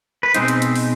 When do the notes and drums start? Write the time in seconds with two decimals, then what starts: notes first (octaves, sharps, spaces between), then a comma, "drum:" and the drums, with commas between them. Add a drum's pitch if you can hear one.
0.23 B4
0.34 B2 G#3 C4 D#4 C5, drum: hi-hat
0.48 drum: hi-hat
0.62 drum: hi-hat
0.75 drum: open hi-hat